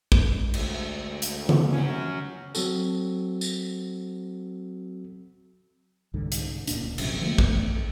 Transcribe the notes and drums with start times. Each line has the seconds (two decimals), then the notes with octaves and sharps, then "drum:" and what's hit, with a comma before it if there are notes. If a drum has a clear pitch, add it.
0.12 G#3, drum: kick
0.54 D2, drum: cymbal
1.22 drum: hi-hat
1.49 drum: tom C#3
1.73 C#4 F#4
2.55 F#3 C4 F#4 A4, drum: tambourine
3.41 drum: tambourine
6.14 C2 G#2 D3
6.32 drum: hi-hat
6.67 D1 C#2 A#2 D4, drum: hi-hat
6.98 E1 A#1 F#2 C3, drum: cymbal
7.21 D3 F3 A3 A#3
7.38 E2 A3, drum: kick